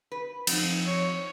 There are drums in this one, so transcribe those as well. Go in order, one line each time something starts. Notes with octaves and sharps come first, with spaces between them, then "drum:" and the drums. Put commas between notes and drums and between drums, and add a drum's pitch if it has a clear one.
B4
F3 C4 D#4 A4 F#5, drum: cymbal
C#5